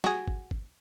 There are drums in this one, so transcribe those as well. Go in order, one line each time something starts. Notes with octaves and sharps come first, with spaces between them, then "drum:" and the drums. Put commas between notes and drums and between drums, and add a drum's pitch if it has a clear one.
F#4 G#4, drum: snare
drum: kick G#1
drum: kick G#1